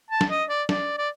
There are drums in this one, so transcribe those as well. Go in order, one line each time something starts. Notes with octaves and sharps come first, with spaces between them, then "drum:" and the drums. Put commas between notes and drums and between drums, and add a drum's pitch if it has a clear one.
A5
drum: snare
D#5
D5
D5, drum: snare
D5